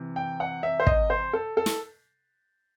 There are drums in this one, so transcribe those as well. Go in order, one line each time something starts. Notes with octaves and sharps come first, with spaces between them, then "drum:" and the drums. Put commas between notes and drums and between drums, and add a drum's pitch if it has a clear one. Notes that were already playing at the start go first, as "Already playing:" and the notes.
Already playing: C3 E3
G5
F#5
E5
C5
D#5, drum: kick
C5
A4
A4
drum: snare